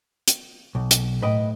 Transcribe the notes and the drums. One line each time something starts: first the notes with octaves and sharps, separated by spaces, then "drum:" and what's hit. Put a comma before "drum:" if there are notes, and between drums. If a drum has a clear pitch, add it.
drum: hi-hat
B1
drum: hi-hat
A2 B4 D#5 G5